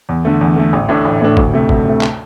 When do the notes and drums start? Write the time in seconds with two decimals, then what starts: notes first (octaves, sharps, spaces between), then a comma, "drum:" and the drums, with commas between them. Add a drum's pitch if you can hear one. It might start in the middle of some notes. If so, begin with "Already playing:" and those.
0.09 E2
0.25 D3 A3
0.41 E2
0.56 D3 A3
0.73 A1
0.89 A2 A3 D4
1.05 A1
1.21 A2 A3 D4
1.37 D2, drum: kick
1.53 C3 A3
1.69 D2, drum: kick
1.85 C3 A3
2.01 drum: clap